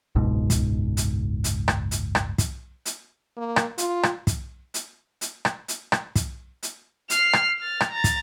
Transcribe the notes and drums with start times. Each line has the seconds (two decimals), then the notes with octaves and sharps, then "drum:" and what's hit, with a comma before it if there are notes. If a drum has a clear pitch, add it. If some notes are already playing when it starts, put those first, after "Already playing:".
0.15 F#1 C#2 G#2 B2
0.50 drum: kick, hi-hat
0.97 drum: hi-hat
1.44 drum: hi-hat
1.68 drum: rim click
1.91 drum: hi-hat
2.15 drum: rim click
2.38 drum: kick, hi-hat
2.86 drum: hi-hat
3.37 A#3
3.56 drum: rim click
3.78 F4, drum: hi-hat
4.03 drum: rim click
4.27 drum: kick, hi-hat
4.74 drum: hi-hat
5.21 drum: hi-hat
5.45 drum: rim click
5.68 drum: hi-hat
5.92 drum: rim click
6.16 drum: kick, hi-hat
6.63 drum: hi-hat
7.10 F6 C7, drum: hi-hat
7.33 drum: rim click
7.58 F6 A6
7.81 drum: rim click
7.91 A#5 A6
8.04 drum: kick, hi-hat